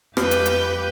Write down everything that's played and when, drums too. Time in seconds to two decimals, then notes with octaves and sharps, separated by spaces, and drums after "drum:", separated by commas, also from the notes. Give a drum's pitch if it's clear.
0.17 F2 G#3 G4 B4 G6, drum: rim click
0.31 drum: hi-hat
0.46 drum: hi-hat